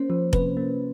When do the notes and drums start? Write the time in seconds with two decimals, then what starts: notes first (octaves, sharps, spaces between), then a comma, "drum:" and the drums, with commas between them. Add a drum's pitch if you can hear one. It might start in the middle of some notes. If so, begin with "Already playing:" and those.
Already playing: A#3 C#4 C5
0.10 F3
0.33 C3 B4, drum: kick F1
0.57 A#3